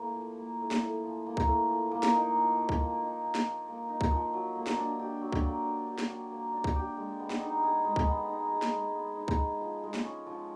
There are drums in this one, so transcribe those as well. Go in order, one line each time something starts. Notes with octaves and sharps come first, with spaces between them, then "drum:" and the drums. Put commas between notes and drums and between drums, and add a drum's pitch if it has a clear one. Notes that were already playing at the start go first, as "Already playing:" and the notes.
Already playing: A2 A#3
F3
A#3
A2
drum: snare
A2
F3
A#3
drum: kick
A2
F3
A#3
drum: snare
D#4
F3
F3
drum: kick
A#3
D#4
F3
drum: snare
F3
A#3
D#4
drum: kick
F3
F#3
A#3
drum: snare
D4
G4
F#3
drum: kick
A#3
D4
G4
drum: snare
F#3
A#3
D4
drum: kick
G4
G#3
B3
drum: snare
D#4
G#4
G#3
drum: kick
B3
D#4
G#4
drum: snare
G#3
B3
D#4
drum: kick
G#4
F3
G#3
drum: snare
C#4
F3